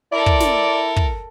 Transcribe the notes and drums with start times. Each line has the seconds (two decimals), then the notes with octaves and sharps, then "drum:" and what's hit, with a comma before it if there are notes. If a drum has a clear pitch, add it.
0.12 E4 A4 A#4 D5
0.26 drum: kick
0.40 drum: snare
0.96 drum: kick